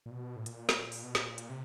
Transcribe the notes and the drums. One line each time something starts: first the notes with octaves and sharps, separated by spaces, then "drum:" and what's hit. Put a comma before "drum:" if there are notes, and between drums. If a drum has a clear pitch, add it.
A#2
B2
A2
A#2, drum: hi-hat
drum: snare
drum: open hi-hat
B2
A#2, drum: snare
drum: hi-hat
C3